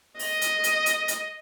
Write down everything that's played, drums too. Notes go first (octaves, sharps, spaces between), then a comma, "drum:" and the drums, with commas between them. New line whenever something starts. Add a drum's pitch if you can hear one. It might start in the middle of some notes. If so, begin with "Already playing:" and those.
D#5, drum: open hi-hat
drum: hi-hat
drum: hi-hat
drum: hi-hat
drum: hi-hat